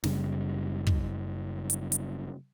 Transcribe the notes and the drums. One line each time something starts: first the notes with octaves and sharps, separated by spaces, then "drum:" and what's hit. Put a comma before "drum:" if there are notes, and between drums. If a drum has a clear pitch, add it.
F#1 F#2 C#3 G3, drum: snare
drum: kick
drum: hi-hat
drum: hi-hat